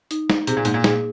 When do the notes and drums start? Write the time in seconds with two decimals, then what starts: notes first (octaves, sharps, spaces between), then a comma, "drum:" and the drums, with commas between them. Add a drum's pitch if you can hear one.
0.11 D#4, drum: hi-hat
0.30 D#4, drum: snare
0.47 C3 G#4, drum: hi-hat
0.57 A#2
0.65 G#2 A#3, drum: hi-hat
0.74 A#2
0.84 G#4, drum: snare